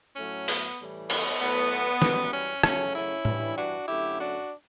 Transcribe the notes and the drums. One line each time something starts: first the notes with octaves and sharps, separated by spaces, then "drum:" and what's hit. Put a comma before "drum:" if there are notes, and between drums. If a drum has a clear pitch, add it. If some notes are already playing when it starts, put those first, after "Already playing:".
A2 F#3 A3 C#4
B3, drum: open hi-hat
A2 E3 G3
B3, drum: cymbal
A2 F#3 A3 B3
F#2 E3 G3, drum: snare
C#4
F#2 C#3 F#3 A3 C#4, drum: rim click
C#4 E4
G2 E3 G3, drum: tom A2
D4 F#4
F#2 D3 F#3 A3 E4 G4
D4 F#4